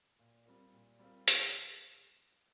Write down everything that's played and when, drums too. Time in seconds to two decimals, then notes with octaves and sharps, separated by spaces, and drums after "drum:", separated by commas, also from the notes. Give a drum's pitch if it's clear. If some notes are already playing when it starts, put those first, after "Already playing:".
0.19 A#2
0.46 G3 C4 F4 A#4
0.73 A#2
0.99 G3 C4 F4 A#4
1.28 C#3, drum: hi-hat